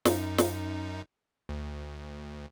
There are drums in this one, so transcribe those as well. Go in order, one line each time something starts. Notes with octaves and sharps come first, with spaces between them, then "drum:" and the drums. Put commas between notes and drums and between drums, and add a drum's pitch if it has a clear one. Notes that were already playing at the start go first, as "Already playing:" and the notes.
F#2 D#4, drum: snare
drum: snare
D2